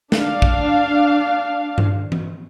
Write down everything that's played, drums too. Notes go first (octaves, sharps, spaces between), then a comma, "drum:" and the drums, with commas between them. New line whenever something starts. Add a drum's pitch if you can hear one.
D4 F5, drum: snare
drum: kick
drum: tom G2
drum: tom E3